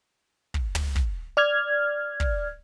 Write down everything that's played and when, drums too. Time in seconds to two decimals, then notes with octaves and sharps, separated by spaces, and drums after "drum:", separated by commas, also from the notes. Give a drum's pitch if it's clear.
0.54 drum: kick
0.75 drum: tom
0.96 drum: kick
1.37 D5 F6 G#6
2.20 drum: kick